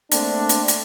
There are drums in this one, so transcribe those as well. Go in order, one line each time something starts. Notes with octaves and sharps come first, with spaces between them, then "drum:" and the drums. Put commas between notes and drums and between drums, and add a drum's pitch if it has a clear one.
A3 A#3 C4 D4, drum: hi-hat
drum: hi-hat
drum: hi-hat